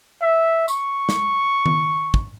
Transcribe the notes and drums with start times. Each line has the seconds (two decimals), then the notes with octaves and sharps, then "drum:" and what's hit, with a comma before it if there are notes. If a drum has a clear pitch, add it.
0.22 E5
0.68 C#6, drum: tambourine
1.09 drum: snare
1.66 drum: tom D#3
2.14 drum: kick